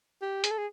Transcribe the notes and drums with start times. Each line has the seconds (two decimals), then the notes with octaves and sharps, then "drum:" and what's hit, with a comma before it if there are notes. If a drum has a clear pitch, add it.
0.22 G4
0.44 G#4, drum: hi-hat
0.51 A4
0.58 G#4